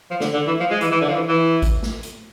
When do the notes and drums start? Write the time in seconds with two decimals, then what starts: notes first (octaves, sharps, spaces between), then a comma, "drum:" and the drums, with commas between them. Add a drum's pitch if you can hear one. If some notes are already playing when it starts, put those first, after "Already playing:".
0.10 F3
0.20 D3, drum: snare
0.33 D3
0.47 E3
0.60 F3
0.71 G#3
0.81 E3, drum: hi-hat
0.91 E3
1.01 D3
1.09 F3
1.15 E3
1.28 E3
1.62 drum: kick G#1, hi-hat
1.83 drum: snare
2.03 drum: hi-hat